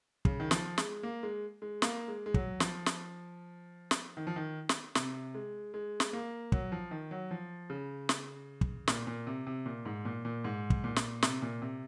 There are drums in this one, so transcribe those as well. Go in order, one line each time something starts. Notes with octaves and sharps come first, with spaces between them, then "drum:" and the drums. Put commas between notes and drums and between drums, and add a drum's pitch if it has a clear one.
C#3, drum: kick
D#3
F3, drum: snare
G#3, drum: snare
A#3
G#3
G#3
A#3, drum: snare
G#3
G#3
F#3, drum: kick
F3, drum: snare
drum: snare
drum: snare
D#3
F3
D#3
drum: snare
C3, drum: snare
G#3
G#3
drum: snare
A#3
F#3, drum: kick
F3
D#3
F#3
F3
C#3
drum: snare
drum: kick
A#2, drum: snare
A#2
C3
C3
A#2
G#2
A#2
A#2
G#2
drum: kick
A#2
drum: snare
C3, drum: snare
A#2
C3